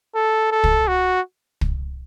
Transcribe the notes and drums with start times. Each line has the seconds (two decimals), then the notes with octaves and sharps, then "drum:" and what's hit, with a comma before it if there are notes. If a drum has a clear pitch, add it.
0.15 A4
0.51 A4
0.64 drum: kick
0.88 F#4
1.61 drum: kick